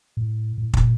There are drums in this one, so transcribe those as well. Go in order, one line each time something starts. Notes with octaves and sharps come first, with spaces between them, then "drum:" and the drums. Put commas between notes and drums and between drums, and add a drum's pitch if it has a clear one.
A2
A2
A#2, drum: kick